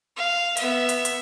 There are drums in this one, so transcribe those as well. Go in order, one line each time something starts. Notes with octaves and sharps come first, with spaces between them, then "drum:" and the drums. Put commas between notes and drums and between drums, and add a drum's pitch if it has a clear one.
F5
B3 E5, drum: hi-hat
drum: hi-hat
drum: hi-hat